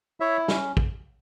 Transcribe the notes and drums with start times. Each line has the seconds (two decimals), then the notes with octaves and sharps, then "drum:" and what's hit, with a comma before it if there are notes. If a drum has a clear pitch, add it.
0.20 E4 C#5 E5
0.48 C#4, drum: snare
0.77 drum: kick